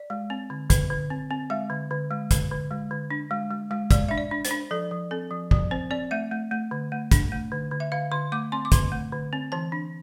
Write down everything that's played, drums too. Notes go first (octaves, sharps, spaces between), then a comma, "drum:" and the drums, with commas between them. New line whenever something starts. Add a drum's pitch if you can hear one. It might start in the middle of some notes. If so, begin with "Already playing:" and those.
Already playing: D5
G#3
C4
D3
D3, drum: kick, hi-hat
D3
C4
C4
G#3 E5
D3
D3
G#3
D3, drum: kick, hi-hat
D3
G#3
D3
D4
G#3
G#3
G#3
G#3 D5, drum: kick, hi-hat
D4 E5
D5
D4
C5, drum: hi-hat
D4
F3 A4
F3
C4 A4
F3
F3, drum: kick
C4 C5
C4 D5
A3 E5
A3
A3
D3
A3
D4, drum: kick, hi-hat
A3
D3
D3
E5
D3 F5
D3 C6
A3 D6
C4 C6
D6
D3 C6, drum: kick, hi-hat
A3
D3
C4
E3 A5
D4